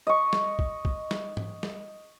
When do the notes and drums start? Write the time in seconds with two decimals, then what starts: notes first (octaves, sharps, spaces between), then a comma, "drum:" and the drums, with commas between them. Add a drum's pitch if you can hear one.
0.07 D#5 C#6
0.33 drum: snare
0.59 drum: kick
0.85 drum: kick
1.11 drum: snare
1.37 drum: tom G#2
1.63 drum: snare